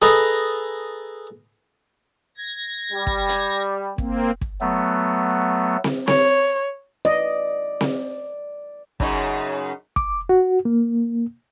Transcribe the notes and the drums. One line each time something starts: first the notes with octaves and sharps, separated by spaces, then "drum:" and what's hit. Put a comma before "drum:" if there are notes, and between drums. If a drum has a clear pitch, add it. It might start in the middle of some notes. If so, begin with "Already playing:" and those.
G#4 A4 B4 D#5 A#5
G#6 A#6
G3
drum: kick
drum: hi-hat
A#3 C4, drum: kick
drum: kick
F#3 A3 B3
drum: snare C4
C#5, drum: snare C4
D5 D#5
drum: snare C4
F#2 C#3 D#4, drum: kick
D6, drum: kick
F#4
A#3